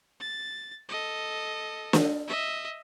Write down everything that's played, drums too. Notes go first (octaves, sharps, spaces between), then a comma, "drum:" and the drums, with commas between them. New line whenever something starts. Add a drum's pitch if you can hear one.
A6
A4 D#5
drum: snare
D#5 E5